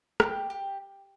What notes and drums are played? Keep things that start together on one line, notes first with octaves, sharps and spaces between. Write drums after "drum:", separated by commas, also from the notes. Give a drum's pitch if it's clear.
G4, drum: rim click
G4